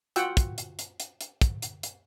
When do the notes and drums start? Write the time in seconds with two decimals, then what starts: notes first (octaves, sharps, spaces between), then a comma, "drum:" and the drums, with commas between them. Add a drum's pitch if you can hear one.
0.16 F4 F#4 F#5 G5 E6, drum: hi-hat
0.37 drum: kick, hi-hat
0.58 drum: hi-hat
0.79 drum: hi-hat
1.00 drum: hi-hat
1.21 drum: hi-hat
1.41 drum: kick, hi-hat
1.62 drum: hi-hat
1.83 drum: hi-hat